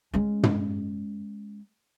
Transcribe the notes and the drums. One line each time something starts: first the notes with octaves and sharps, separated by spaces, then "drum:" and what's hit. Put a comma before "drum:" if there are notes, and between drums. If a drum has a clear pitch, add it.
G#3 C#4
drum: tom